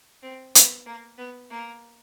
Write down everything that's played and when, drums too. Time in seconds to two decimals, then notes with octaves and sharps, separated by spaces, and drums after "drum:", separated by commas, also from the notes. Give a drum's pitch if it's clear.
0.23 C4
0.55 B3, drum: hi-hat
0.86 A#3
1.18 B3
1.50 A#3